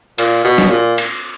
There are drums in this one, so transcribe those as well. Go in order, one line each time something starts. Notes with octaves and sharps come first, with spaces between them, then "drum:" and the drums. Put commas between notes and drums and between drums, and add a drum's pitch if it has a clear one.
A#2, drum: cymbal
B2
drum: snare
A#2
drum: cymbal